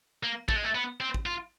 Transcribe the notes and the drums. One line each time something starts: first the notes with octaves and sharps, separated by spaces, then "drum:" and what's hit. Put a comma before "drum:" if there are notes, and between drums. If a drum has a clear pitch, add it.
A#3
A3, drum: kick A1
G#3
A3
B3
C4
drum: kick A1
F4